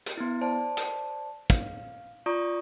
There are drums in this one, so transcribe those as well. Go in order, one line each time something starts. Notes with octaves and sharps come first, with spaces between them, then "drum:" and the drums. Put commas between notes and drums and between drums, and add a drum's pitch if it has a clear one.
drum: hi-hat
B3 E4
C5 D5 A5
drum: hi-hat
F5, drum: kick, hi-hat
F4 D5 A#5 C#6 D#6